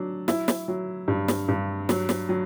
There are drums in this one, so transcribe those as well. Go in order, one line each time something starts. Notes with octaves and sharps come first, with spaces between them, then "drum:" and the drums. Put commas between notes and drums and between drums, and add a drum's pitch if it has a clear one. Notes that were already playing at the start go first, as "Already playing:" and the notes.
Already playing: F#3 D4
E4, drum: snare
drum: snare
F#3
G2
drum: snare
G2
F#3, drum: snare
drum: snare
F#3